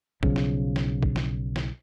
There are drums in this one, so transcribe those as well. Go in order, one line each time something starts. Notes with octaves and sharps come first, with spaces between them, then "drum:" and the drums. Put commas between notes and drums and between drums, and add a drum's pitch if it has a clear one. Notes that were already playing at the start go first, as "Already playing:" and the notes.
B1 C#3 F3, drum: kick
drum: snare
drum: snare
drum: kick
drum: snare
drum: snare